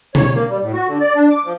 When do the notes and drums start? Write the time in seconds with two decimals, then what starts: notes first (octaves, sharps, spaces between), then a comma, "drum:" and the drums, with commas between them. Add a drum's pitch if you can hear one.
0.15 C#5, drum: tom B2
0.34 A#3
0.49 G3
0.61 A2
0.73 F#4
0.87 D3
1.00 D5
1.15 D4
1.31 D6
1.45 F3